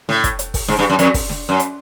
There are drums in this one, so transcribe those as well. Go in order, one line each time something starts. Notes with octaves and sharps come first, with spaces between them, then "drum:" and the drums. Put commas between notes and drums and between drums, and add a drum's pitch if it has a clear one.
A2, drum: snare
drum: kick, hi-hat
drum: hi-hat
drum: kick, open hi-hat
G#2, drum: snare
G2
F#2
F2, drum: hi-hat
drum: kick, open hi-hat
drum: snare
F#2
drum: hi-hat